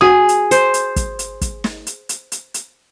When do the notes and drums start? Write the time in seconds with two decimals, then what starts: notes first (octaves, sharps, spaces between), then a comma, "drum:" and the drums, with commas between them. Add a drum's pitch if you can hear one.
0.01 F#4 G#4 D#6
0.29 drum: hi-hat
0.51 C5, drum: hi-hat
0.74 drum: hi-hat
0.96 drum: kick, hi-hat
1.19 drum: hi-hat
1.41 drum: kick, hi-hat
1.64 drum: snare
1.87 drum: hi-hat
2.09 drum: hi-hat
2.32 drum: hi-hat
2.54 drum: hi-hat